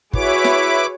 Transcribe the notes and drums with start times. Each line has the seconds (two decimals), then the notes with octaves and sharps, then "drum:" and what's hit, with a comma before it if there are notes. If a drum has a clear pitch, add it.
0.13 E4 F#4 G#4 B4 C#5 D6, drum: kick
0.44 drum: snare